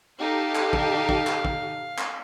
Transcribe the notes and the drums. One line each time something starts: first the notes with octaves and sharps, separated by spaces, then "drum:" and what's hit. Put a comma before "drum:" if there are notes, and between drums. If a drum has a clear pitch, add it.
D#4 G4 A4 F5
drum: clap
drum: kick
drum: kick
drum: clap
drum: kick
drum: clap